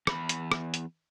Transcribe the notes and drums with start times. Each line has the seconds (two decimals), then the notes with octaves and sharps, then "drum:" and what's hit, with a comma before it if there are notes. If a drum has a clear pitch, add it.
0.07 E2 B5, drum: rim click
0.29 drum: hi-hat
0.52 drum: rim click
0.74 drum: hi-hat